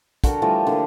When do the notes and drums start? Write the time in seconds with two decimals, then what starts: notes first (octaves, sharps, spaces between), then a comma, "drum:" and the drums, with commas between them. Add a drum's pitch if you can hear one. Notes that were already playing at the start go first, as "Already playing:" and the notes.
0.24 D3 F#4 A#4 G5, drum: kick, hi-hat
0.42 E3 F3 G3 A3
0.67 D3 A#3